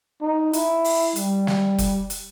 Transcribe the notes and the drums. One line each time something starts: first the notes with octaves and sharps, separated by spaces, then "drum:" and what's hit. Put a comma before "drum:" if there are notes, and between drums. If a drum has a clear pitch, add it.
D#4
E4, drum: hi-hat
drum: open hi-hat
G3, drum: hi-hat
drum: snare
drum: kick F1, hi-hat
drum: hi-hat